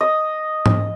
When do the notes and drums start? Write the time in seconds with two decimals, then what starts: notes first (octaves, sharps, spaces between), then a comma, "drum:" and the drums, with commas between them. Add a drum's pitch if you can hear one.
0.01 D#5
0.66 drum: tom G#2